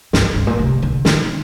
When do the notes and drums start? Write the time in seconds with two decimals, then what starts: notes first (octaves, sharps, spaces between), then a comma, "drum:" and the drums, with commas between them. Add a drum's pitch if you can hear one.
0.13 G2, drum: snare
0.24 F2
0.35 G2
0.47 A#2
0.59 C3
0.82 D3
1.05 D#3, drum: snare